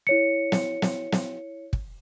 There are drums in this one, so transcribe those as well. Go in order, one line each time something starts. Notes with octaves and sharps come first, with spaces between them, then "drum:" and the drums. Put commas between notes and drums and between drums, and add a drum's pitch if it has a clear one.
E4 C#5 C#7
drum: snare
drum: snare
drum: snare
drum: kick